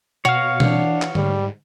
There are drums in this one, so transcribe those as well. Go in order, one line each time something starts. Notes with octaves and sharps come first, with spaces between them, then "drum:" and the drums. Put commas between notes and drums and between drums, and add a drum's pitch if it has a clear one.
B2 F#4 C#5 F5
E3 D4, drum: tom B2
drum: clap
G#2 G3, drum: tom D3